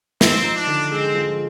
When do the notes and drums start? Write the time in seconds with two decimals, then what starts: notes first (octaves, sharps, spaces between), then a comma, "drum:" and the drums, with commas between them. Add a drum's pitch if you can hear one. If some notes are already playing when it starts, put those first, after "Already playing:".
0.21 F3 C4, drum: snare
0.44 D#4
0.55 D4
0.67 D3
0.91 G#3 C4
1.14 F3